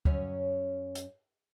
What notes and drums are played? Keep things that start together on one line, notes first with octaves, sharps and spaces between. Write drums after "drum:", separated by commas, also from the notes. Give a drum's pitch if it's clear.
F#2 C#4 F5, drum: kick
drum: hi-hat